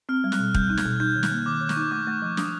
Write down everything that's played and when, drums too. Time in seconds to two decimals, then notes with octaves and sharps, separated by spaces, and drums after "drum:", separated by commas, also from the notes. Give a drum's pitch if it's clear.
0.09 C4 F6
0.24 G3
0.32 F#6, drum: snare
0.39 B2
0.54 G3 G6, drum: kick
0.70 D#4
0.77 G#6, drum: snare
0.85 B2
1.00 D#4 G6
1.16 D#3
1.23 F#6, drum: snare
1.31 A#3
1.46 D#3 D6
1.61 D#3
1.69 C#6, drum: snare
1.76 D#4
1.91 A3 D6
2.07 A3
2.22 F3
2.37 D4 D#6, drum: snare